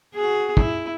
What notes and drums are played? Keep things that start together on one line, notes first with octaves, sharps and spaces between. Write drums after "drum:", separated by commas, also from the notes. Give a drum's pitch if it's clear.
F#4 G#4
E4, drum: kick